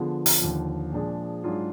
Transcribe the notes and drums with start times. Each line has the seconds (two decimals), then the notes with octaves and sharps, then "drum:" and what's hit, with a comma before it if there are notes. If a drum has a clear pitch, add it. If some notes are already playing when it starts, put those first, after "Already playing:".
Already playing: D3 F3 B3 F4 G#4
0.26 drum: open hi-hat
0.41 D#2 D3 F3
0.92 A#2 F3 G#3 D4 G#4
1.44 G#2 F#3 D4 F4 G#4